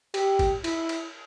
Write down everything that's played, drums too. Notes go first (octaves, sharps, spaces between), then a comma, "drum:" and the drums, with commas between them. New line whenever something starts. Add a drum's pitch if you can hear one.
G4, drum: cymbal
drum: kick, cymbal
E4, drum: cymbal
drum: cymbal